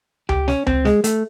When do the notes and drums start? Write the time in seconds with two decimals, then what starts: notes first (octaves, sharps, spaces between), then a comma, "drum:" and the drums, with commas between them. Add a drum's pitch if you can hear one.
0.29 G4, drum: tom C#2
0.48 C#4, drum: snare
0.67 C4, drum: tom C#2
0.85 G#3, drum: snare
1.04 A3, drum: hi-hat